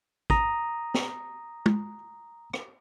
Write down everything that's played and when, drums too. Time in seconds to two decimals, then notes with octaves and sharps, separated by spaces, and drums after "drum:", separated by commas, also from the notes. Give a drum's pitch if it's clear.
0.30 A#5 D#6, drum: kick
0.94 drum: snare
1.66 drum: tom
2.53 drum: rim click